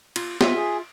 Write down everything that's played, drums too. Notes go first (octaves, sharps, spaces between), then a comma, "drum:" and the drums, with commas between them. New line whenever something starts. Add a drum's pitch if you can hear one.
F4, drum: cymbal
F4 E5, drum: snare
G#4